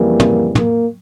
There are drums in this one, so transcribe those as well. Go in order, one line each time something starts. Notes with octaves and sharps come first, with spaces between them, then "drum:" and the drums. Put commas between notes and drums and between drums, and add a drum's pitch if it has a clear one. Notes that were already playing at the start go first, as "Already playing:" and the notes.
Already playing: F2 C#3 E3 G3 A#3
drum: tom
A#3, drum: tom